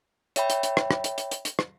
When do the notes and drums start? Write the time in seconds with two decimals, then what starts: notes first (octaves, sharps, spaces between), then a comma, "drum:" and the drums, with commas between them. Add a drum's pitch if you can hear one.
0.36 C#5 E5 G5 B5, drum: hi-hat
0.50 drum: hi-hat
0.63 drum: hi-hat
0.77 drum: rim click
0.91 drum: rim click
1.04 drum: hi-hat
1.18 drum: hi-hat
1.31 drum: hi-hat
1.45 drum: hi-hat
1.59 drum: rim click